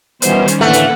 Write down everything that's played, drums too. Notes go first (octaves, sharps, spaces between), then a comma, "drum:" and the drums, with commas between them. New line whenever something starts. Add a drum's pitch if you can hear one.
B2 D#3 E3 G3 B3 C#4 C5, drum: hi-hat
drum: hi-hat
A2 D3 E3 A3 A#3 A4 B4 F#5
drum: hi-hat